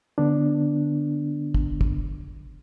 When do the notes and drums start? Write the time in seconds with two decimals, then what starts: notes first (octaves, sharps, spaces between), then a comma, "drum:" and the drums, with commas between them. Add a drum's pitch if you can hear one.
0.18 D3 B3 D4
1.54 drum: kick
1.81 drum: kick